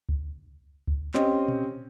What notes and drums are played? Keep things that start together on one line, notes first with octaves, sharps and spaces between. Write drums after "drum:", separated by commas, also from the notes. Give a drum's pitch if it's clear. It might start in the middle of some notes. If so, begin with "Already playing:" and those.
drum: kick C#2
drum: kick C#2
C4 C#4 G4 D#5, drum: clap
drum: tom A#2